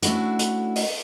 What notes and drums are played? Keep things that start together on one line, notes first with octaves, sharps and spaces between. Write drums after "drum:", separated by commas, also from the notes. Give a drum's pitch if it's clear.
A3 C#4 D4 E4 F#4, drum: hi-hat
drum: hi-hat
drum: open hi-hat